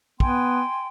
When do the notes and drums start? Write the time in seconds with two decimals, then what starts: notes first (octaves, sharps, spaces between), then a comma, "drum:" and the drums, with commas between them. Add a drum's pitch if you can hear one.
0.20 B3 G5 G#5 C6, drum: kick